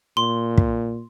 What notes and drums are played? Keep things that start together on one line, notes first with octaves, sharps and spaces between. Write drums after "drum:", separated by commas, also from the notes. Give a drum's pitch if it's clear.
A#2 C6
drum: kick